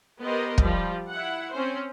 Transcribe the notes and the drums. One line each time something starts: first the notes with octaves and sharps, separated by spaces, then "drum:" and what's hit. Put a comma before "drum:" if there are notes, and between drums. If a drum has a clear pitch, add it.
B3 G4 A#4 C5 D#5
F3 G3, drum: kick
E4 F#5
C4 C#4 C5